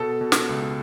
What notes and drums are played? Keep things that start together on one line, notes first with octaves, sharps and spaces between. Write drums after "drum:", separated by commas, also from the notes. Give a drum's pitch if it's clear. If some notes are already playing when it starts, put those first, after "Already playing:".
Already playing: B2 A4
B2
drum: snare
C#2